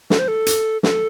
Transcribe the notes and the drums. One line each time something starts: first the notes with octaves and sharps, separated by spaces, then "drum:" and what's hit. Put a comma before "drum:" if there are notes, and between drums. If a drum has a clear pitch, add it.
A4, drum: snare
C5
A4
drum: hi-hat
A4, drum: snare